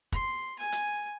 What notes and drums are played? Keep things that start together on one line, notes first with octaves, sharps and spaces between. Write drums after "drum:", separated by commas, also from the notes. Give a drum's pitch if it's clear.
C6, drum: kick
G#5
drum: hi-hat